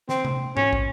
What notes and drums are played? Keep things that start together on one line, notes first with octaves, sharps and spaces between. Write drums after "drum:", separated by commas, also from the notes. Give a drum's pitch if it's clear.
C4, drum: snare
drum: tom C3
C#4, drum: tom G#2
drum: kick